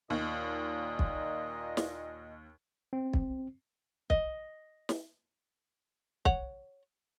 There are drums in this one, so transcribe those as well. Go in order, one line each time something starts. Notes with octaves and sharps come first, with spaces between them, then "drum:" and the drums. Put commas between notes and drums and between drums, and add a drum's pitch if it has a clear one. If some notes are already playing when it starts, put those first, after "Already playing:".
D#2 A#2 D#5
drum: kick
drum: snare
C4
drum: kick
D#5, drum: kick
drum: snare
C#5 F#5, drum: kick